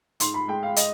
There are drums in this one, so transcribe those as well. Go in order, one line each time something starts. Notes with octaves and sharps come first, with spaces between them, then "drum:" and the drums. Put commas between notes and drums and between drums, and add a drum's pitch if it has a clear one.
G#2 C6, drum: hi-hat
B5
G#3 G5
F5
D#5, drum: hi-hat